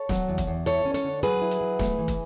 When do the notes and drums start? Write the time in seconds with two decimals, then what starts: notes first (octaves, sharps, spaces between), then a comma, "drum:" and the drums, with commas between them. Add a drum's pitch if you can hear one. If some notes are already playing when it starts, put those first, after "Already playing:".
Already playing: A4 C#5
0.09 F#3, drum: snare
0.28 E2
0.38 drum: kick, hi-hat
0.47 E2
0.66 E4 A4 C#5, drum: hi-hat
0.85 C#4
0.94 A4 C#5, drum: hi-hat
1.04 D3
1.23 F#3 G#4 B4, drum: hi-hat
1.42 E4
1.51 drum: hi-hat
1.61 F#3
1.79 A3, drum: snare
1.99 E3
2.08 drum: kick, hi-hat